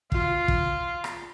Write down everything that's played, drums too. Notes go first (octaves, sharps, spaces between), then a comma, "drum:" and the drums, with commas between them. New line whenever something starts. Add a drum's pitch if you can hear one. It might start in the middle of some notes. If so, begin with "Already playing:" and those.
F4, drum: kick
drum: kick
drum: rim click